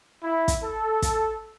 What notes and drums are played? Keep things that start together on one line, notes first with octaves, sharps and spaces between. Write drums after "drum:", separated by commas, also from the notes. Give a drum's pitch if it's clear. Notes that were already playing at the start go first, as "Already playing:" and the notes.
E4
drum: kick, hi-hat
A4
drum: kick, hi-hat